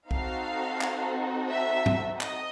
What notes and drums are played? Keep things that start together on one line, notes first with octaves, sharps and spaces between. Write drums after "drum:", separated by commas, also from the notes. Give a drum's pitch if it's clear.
C4 D#4 F#4 A4 F5, drum: kick B1
drum: clap
E5
drum: tom G#2
D#5, drum: clap